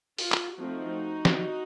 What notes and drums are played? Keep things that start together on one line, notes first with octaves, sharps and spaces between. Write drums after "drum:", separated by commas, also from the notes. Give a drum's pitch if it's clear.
F4, drum: open hi-hat
drum: clap
F3 A3 C4 D#4 F#4
drum: snare